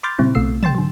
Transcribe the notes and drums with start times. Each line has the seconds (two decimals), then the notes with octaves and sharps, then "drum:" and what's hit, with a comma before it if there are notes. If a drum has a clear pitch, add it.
0.03 B5 C6 D6 F6 G6 A6
0.19 A#2 C#3 G3 C4 E4
0.35 B1 B2 A3 E6 C7
0.63 G5 C6 A6 E7, drum: tom
0.75 D3 F#3